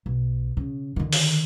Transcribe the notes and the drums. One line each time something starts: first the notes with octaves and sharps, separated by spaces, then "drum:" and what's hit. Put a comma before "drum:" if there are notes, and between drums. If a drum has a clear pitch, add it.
B1
C#3
D3 D#3
drum: open hi-hat